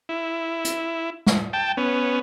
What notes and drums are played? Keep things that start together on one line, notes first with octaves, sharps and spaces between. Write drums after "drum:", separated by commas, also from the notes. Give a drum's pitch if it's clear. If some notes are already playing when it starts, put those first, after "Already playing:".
E4
drum: hi-hat
drum: snare
G5 A5
B3 C#4